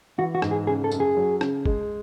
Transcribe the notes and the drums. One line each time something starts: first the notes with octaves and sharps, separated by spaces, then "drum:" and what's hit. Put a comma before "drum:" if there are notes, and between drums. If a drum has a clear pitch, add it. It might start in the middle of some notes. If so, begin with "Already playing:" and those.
E3 F#4
F#4
G#2, drum: rim click
G#4
C#3 G#4
A4
F#2, drum: tambourine
G#4
F#3
C#3, drum: rim click
G#3, drum: kick G1